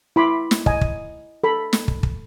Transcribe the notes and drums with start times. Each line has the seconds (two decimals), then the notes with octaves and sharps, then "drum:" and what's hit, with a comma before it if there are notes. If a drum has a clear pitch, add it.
0.16 E4 B5 C6 D6
0.51 drum: snare
0.66 D#5 G#5, drum: kick
0.81 drum: kick
1.44 A4 B5
1.73 drum: snare
1.88 drum: kick
2.03 drum: kick